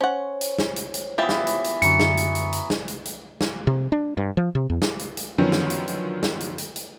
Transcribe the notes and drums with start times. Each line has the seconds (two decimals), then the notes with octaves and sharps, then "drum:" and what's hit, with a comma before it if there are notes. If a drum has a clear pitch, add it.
0.01 C#4 C5 C#5 F#5
0.41 drum: hi-hat
0.59 drum: snare
0.76 drum: hi-hat
0.94 drum: hi-hat
1.18 E3 B3 F4 G4 E5
1.29 drum: snare
1.47 drum: hi-hat
1.64 drum: hi-hat
1.82 F#2 D3 E3 F#3 C#7, drum: hi-hat
2.00 drum: snare
2.17 drum: hi-hat
2.35 drum: hi-hat
2.52 drum: hi-hat
2.70 drum: snare
2.88 drum: hi-hat
3.05 drum: hi-hat
3.41 drum: snare
3.67 C3
3.92 D4
4.17 G2
4.37 F3
4.55 C3
4.70 E2
4.82 drum: snare
4.99 drum: hi-hat
5.17 drum: hi-hat
5.38 F#2 D3 D#3 F3 B3 C#4
5.52 drum: snare
5.70 drum: hi-hat
5.88 drum: hi-hat
6.23 drum: snare
6.40 drum: hi-hat
6.58 drum: hi-hat
6.76 drum: hi-hat